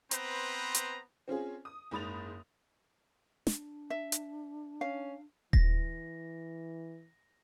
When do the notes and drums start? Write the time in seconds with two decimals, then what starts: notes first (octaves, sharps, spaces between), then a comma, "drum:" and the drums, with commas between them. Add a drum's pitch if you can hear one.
0.11 B3 C4 B4 C5 A#5, drum: hi-hat
0.75 drum: hi-hat
1.28 C4 C#4 F4 G#4
1.65 D#6
1.91 F#1 G#2 B5 D#6 A6 F7
3.47 D4, drum: snare
3.90 E5
4.12 drum: hi-hat
4.81 C#4 F5
5.53 E3 A#6, drum: kick D#1